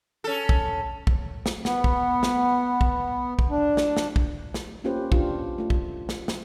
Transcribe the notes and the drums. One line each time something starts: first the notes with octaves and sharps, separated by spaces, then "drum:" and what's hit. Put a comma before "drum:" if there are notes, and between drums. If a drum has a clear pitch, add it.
C#4 A4
drum: kick
drum: kick
drum: snare
B3, drum: snare
drum: kick
drum: snare
drum: kick
drum: kick
D4
drum: snare
drum: snare
drum: kick
drum: snare
A#3 C#4 F4 G4 B4 C5
D4 F4 G4, drum: kick
A3 F4
drum: kick
drum: snare
drum: snare